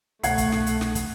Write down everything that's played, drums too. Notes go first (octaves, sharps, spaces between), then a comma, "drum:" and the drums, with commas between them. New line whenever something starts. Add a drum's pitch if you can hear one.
C2 B2 A3 F#5 G#6 C7, drum: hi-hat
drum: kick, hi-hat
drum: snare
drum: hi-hat
drum: snare
drum: kick, hi-hat